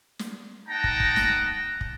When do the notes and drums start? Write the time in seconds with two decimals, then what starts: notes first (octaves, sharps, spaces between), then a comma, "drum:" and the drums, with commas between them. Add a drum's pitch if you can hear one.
0.19 drum: snare
0.68 D#4 F#5 G5 A5 A#5
0.84 drum: kick
1.00 drum: kick
1.16 drum: snare
1.81 drum: kick